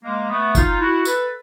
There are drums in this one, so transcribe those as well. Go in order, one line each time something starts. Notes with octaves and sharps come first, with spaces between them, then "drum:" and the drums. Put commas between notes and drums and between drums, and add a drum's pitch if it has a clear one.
G#3 A#3
A3 B3
D#4 F4, drum: kick, tambourine
E4 F#4
A4 B4, drum: tambourine